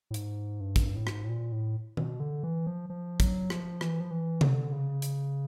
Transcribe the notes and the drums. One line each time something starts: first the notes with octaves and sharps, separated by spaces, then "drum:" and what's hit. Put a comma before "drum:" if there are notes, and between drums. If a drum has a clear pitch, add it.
A2
G#2, drum: hi-hat
G2
drum: kick, hi-hat
A2
G#2, drum: rim click
A2
A#2
A2
B2, drum: tom
D3
E3
F3
F3
F#3, drum: kick, hi-hat
F3, drum: rim click
E3, drum: rim click
F3
E3
D3, drum: tom C3
C#3
drum: hi-hat